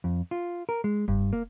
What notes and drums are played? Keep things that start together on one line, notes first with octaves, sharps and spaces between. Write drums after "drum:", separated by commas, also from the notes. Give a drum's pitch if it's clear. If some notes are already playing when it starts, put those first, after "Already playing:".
F2
F4
A#4
G#3
G2, drum: kick F1
A#3